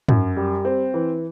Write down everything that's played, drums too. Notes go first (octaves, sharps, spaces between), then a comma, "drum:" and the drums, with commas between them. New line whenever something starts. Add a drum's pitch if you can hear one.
F#2, drum: tom
G3
C4
E3